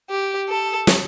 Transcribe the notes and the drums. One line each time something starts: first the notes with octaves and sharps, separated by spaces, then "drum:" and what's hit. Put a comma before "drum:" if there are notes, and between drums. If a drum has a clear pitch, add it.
G4
A4
drum: snare